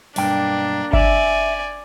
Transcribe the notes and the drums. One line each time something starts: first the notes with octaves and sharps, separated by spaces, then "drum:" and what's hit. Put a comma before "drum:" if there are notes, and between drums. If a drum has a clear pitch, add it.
B1 G2 A#3 D4 G5, drum: open hi-hat
D5 E5 G#5, drum: kick G1